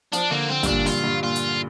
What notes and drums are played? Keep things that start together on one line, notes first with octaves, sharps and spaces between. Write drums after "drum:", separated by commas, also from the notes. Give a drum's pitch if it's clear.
F3 D4, drum: hi-hat
D3 A#3
C4
G2, drum: kick, hi-hat
A#2 D4
G2 F4, drum: open hi-hat
G2
A#2 F4
drum: hi-hat